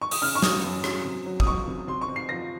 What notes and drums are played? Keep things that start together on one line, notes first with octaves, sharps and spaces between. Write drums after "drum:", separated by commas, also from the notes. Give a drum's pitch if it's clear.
C#6
D#6, drum: open hi-hat
C#3 F6
C#6
F#3 D#6, drum: snare
F#2
F#3, drum: rim click
C3
F#3
D#6, drum: kick
F#3 C#6
C3
C3 C6
C#6
C3
C7
F3 A#6